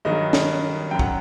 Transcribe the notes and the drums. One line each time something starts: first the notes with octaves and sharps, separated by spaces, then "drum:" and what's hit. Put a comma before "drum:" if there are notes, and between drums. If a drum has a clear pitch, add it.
G2 D#3 F#3 D#5
drum: snare
F#2 F#3 G5
F#5, drum: kick